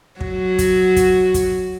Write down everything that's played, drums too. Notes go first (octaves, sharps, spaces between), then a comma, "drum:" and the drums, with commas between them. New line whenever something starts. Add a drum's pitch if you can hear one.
F#3 F#4, drum: kick
drum: kick, hi-hat
drum: kick, hi-hat
drum: kick, hi-hat